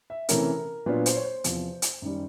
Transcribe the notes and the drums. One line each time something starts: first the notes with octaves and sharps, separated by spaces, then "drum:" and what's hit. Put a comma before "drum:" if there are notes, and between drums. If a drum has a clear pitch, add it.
E5
C3 E3 A3 C#4 A#4, drum: hi-hat
A#2 F#3 B3 D4 F4 B4
C5, drum: hi-hat
C#5
C5
E2 C3 F3, drum: hi-hat
drum: hi-hat
F#2 D#3 G3